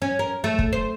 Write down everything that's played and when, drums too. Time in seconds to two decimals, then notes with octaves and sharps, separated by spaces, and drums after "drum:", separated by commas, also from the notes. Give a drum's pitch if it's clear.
0.02 C#4
0.19 A#4
0.44 A3
0.59 drum: kick
0.73 C5